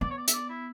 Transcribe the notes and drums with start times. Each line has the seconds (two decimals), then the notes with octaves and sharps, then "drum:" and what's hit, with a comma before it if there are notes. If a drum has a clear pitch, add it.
0.01 B3 D5
0.11 C#5
0.18 D5
0.28 E5, drum: hi-hat
0.33 D5
0.49 E4